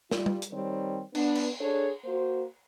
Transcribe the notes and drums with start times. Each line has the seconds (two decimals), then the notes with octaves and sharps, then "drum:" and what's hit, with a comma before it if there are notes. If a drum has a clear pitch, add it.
0.11 G3 F4, drum: snare
0.26 drum: tom G3
0.42 drum: hi-hat
0.53 D#3 G3 C4 C#5
1.15 B3 D4, drum: cymbal
1.35 drum: cymbal
1.61 D4 G#4 A4 C#5
2.05 A#3 F#4 C5